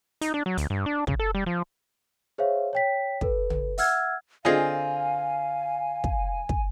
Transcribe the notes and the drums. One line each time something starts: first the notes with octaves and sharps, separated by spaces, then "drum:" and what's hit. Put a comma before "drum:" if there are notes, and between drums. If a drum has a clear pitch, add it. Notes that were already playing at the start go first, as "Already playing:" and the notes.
D#4, drum: hi-hat
D4
F#3
D2, drum: hi-hat
G2
D4
C#3, drum: kick
A4
G3
F3
G#4 C5 C#5 E5 F5
C#5 G5 B6
A4 B4, drum: kick
drum: tom
E5 F#5 E6 F6 G#6, drum: open hi-hat
D3 C4 F4 G#4 D#5 F5 G#5
drum: kick
drum: kick